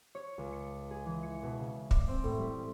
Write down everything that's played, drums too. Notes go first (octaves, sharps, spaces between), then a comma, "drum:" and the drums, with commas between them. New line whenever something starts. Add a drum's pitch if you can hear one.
C#5
C#2
C#7
G#4
E3
C#7
B2
C#3
D5, drum: kick
C4
A2
G3